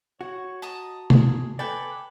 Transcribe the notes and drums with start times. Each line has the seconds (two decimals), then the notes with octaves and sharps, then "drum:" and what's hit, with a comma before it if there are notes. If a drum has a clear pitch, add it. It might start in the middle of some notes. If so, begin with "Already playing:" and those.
0.21 F#4 C#5
0.62 D#5 A5 A#5 D#6
1.10 G#4, drum: tom
1.59 A4 B4 D5 G5 G#5 D6